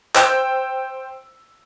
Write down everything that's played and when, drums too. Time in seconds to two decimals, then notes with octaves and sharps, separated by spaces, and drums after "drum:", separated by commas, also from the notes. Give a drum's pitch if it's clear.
0.15 C5 G5 E6, drum: clap